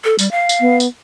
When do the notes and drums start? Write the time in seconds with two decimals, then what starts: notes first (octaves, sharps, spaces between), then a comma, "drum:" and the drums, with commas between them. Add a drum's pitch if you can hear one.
0.04 A4
0.19 G3, drum: tambourine
0.31 F5
0.49 drum: tambourine
0.61 B3
0.80 drum: tambourine